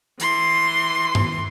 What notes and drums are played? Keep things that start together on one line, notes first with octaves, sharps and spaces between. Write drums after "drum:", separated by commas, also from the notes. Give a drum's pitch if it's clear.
E3 C6, drum: hi-hat
drum: tom G2